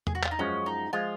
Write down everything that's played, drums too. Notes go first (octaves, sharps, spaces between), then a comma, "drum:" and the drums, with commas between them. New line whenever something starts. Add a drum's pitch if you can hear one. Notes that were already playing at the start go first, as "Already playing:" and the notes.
G#4, drum: tom E2
F#4
F4, drum: clap
D#4
F#2 F3 G#3 C#4
D#4
F3 G#3 F4